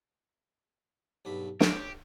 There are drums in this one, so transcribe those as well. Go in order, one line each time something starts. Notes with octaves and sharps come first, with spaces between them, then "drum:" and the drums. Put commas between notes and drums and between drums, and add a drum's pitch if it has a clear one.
B1 G2 B5
G4 C#5, drum: snare